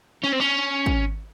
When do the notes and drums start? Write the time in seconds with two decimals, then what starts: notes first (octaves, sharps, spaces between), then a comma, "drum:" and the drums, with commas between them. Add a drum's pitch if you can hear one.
0.24 C#4
0.33 C4
0.41 C#4
0.86 drum: kick